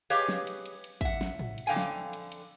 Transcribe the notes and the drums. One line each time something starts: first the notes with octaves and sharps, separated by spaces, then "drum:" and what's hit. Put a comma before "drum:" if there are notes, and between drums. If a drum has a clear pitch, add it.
G4 G#4 B4 C#5 D#5 F5, drum: cymbal
drum: snare
drum: cymbal
drum: cymbal
drum: cymbal
E5 F#5, drum: kick, cymbal
drum: snare
drum: tom A2
drum: cymbal
F2 D3 F5 G5 G#5
drum: snare
drum: cymbal
drum: cymbal